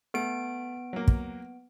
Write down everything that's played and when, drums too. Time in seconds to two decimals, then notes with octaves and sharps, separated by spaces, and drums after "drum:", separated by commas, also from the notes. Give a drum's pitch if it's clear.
0.14 A3 B3 D7
0.93 F#3 A#3
1.08 drum: kick